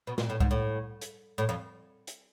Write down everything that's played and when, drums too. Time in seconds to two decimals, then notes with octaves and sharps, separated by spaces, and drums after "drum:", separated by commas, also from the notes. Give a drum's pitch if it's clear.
0.07 B2
0.18 A#2, drum: snare
0.30 A2
0.40 G#2, drum: kick C2
0.51 A2
1.01 drum: hi-hat
1.38 A2
1.49 F2
2.07 drum: hi-hat